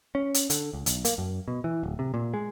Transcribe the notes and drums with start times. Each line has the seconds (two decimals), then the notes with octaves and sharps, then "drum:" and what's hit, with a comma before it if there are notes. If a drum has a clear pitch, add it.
0.15 C#4
0.34 drum: hi-hat
0.50 D3, drum: hi-hat
0.73 C#2
0.86 B1, drum: hi-hat
1.05 A#3, drum: hi-hat
1.18 F#2
1.48 B2
1.64 E3
1.83 D1
1.99 C3
2.14 A#2
2.34 G#3